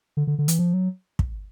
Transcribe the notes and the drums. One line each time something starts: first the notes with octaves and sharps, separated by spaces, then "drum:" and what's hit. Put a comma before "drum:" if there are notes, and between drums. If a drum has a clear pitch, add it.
D3
D3
D3
E3, drum: hi-hat
F3
F#3
drum: kick